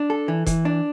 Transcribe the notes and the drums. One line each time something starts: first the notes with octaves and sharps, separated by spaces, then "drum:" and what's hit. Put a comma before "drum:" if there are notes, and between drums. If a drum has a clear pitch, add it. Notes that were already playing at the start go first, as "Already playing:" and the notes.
Already playing: D4
A4
E3
E3, drum: kick F1, hi-hat
D4